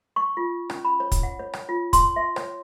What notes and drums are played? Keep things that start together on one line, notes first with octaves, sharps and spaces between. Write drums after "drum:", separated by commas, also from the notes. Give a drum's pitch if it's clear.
C#6
F4
C#4, drum: rim click
B5
C#5
drum: kick, hi-hat
F#5
C#5
drum: rim click
F4
C6, drum: kick, hi-hat
E5
C#5, drum: rim click